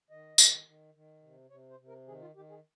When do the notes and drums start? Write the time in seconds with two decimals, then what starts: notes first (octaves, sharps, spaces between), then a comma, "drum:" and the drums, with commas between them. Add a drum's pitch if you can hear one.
0.10 D#3 D#5
0.38 D#3, drum: tambourine
0.66 D#3
0.94 D#3
1.22 C3
1.50 C3 C#5
1.70 C5
1.79 C3
1.88 A#4
2.08 D#3 G#4
2.21 F4
2.35 D#3 G4
2.50 G#4